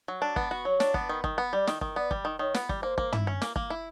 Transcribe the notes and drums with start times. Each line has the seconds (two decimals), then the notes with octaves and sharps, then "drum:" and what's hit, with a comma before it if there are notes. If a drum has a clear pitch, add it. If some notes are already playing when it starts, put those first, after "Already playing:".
0.08 F#3
0.22 D4
0.36 B3, drum: kick
0.51 F#4
0.65 F#3 C#5
0.80 D4, drum: snare
0.94 B3, drum: kick
1.09 D#3
1.24 D#3, drum: kick
1.38 B3
1.53 G3 D5
1.67 D#3, drum: snare
1.81 D#3, drum: kick
1.96 B3 D5
2.11 G3, drum: kick
2.25 D#3
2.39 D#3 C#5
2.54 B3, drum: snare
2.69 G3, drum: kick
2.83 A#3 C5
2.98 A#3, drum: kick
3.13 E4, drum: tom
3.27 C#4
3.42 A#3, drum: snare
3.56 A#3, drum: kick
3.70 E4